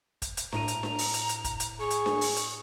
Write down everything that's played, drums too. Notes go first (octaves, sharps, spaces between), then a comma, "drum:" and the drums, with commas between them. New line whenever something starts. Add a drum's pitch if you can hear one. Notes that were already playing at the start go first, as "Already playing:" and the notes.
drum: kick, hi-hat
drum: hi-hat
A2 A#5 D#7, drum: snare D4
drum: hi-hat
drum: snare D4
drum: open hi-hat
drum: hi-hat
drum: hi-hat
drum: kick, hi-hat
drum: hi-hat
G#4 C#6
drum: hi-hat
drum: snare D4
drum: open hi-hat
drum: hi-hat